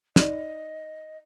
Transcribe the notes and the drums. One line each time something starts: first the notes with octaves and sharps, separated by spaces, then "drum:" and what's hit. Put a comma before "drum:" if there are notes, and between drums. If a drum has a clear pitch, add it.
D#4 D5 D#5, drum: snare